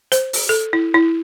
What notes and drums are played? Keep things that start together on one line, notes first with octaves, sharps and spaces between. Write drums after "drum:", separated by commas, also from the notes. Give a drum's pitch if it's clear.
C5, drum: hi-hat
drum: open hi-hat
A4
E4
E4